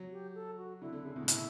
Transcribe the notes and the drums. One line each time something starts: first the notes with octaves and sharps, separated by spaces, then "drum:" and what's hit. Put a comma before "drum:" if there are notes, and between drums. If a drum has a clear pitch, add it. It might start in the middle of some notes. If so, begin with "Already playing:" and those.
Already playing: F#3
G4
A4
F#4
D3 E4
D3
C#3
B2
A2
E4, drum: hi-hat